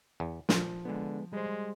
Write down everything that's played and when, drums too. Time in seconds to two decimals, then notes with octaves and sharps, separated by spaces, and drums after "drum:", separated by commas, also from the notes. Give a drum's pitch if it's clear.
0.20 E2
0.49 A#2 F3, drum: snare
0.85 D3 G#3 B3
1.33 G3 G#3 C5